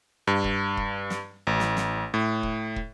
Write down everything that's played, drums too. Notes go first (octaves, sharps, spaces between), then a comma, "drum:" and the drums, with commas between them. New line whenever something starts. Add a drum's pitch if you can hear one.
G2
drum: kick
drum: kick
drum: snare
A1
drum: snare
drum: snare
A2
drum: kick
drum: kick